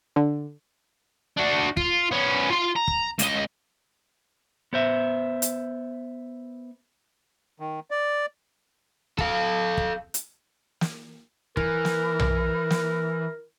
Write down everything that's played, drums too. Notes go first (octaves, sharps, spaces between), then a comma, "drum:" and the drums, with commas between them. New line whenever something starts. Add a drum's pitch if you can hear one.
D3
D4 F#4
F4, drum: kick
B3 C#4
F4 C6
A#5
drum: kick
C#2 D#5, drum: hi-hat
B3 C5 E5
drum: hi-hat
D#3
D5
A4 F5, drum: kick
drum: kick
drum: hi-hat
drum: snare
E3 A#4, drum: kick
drum: snare
drum: tom B1
drum: snare